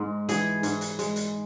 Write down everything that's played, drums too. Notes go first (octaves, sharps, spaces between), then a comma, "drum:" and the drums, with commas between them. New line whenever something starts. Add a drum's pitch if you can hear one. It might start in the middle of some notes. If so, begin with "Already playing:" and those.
Already playing: G#2 G#3
E3 G#4, drum: hi-hat
G#2, drum: hi-hat
drum: hi-hat
G#3, drum: hi-hat
drum: hi-hat